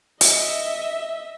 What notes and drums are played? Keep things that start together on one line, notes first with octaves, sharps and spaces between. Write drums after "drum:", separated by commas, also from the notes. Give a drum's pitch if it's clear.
D#5 E5, drum: hi-hat